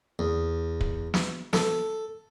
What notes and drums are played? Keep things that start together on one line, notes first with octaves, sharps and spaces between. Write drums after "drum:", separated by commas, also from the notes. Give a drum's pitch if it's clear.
E2
drum: kick
drum: snare
A4, drum: snare